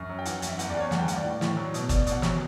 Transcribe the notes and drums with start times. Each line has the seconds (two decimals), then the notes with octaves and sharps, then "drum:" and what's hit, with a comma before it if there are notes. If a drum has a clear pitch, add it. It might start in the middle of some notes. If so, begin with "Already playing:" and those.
Already playing: F#2
0.10 F#3
0.19 G5
0.25 E3 F#5, drum: hi-hat
0.37 F#5
0.42 F#2, drum: hi-hat
0.48 E5
0.59 E2 F#5, drum: hi-hat
0.70 D5
0.75 E2
0.80 C#5
0.91 G2 F#5, drum: snare
1.00 G5
1.08 G2 F#5, drum: hi-hat
1.16 D5
1.24 A2
1.41 A2, drum: snare
1.57 F#3
1.74 B2, drum: hi-hat
1.89 B2 D5, drum: kick, hi-hat
2.01 D5
2.07 B2, drum: hi-hat
2.12 F#5
2.22 F#3, drum: snare